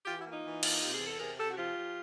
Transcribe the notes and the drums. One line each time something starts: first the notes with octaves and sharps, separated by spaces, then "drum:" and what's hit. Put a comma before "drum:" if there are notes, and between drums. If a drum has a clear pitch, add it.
E3 F4 G4
E4 F#4
A#3
D#4 F4
E3
A#3, drum: cymbal
C3 G4
G#4
E2
A4
C3 G#4 A#4
C3 G4 A4
F#4
F3 F4 G4
F3